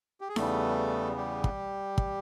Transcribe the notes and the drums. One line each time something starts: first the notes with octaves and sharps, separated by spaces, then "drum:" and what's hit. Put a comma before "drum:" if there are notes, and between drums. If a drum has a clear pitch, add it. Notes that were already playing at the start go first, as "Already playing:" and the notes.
G4
G#4
E2 C#3 E3 G3 A3 B3 A4, drum: snare D#4
G3 G4
drum: kick
drum: kick